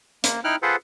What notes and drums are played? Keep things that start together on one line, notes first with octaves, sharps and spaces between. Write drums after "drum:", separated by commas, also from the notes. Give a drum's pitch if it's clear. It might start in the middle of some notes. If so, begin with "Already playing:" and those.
A#3, drum: hi-hat
D#4 E4 G5 F6 F#6
F4 G#4 A4 B4 C5 F#5